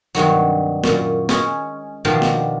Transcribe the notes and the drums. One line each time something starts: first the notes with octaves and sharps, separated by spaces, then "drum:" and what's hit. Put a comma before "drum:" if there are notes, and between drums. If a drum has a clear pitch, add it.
G2 C3 D#3 F#3
F#2 A#2, drum: snare
G#3 C#4, drum: snare
B2 D#3 F3 D4 G4 A#4
drum: snare